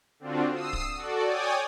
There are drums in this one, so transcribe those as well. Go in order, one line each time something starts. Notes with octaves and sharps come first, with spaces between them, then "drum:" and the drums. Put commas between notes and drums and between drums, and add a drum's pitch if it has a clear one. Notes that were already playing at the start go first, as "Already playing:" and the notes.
D3 C4 D4 F4 F#4
D#6 E6 C7
drum: kick D1
F#4 A4 D5
C#5 D5 G5 G#5 D#6